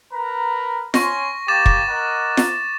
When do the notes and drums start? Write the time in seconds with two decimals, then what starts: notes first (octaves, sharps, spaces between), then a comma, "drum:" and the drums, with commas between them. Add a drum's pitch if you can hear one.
0.13 A#4 B4 A#5
0.94 C#4 C6 C#6 A#6, drum: snare F4
1.48 A#3 G4 D6 A6 E7
1.66 drum: kick
1.89 A#4 D#5 F#5
2.37 drum: snare F4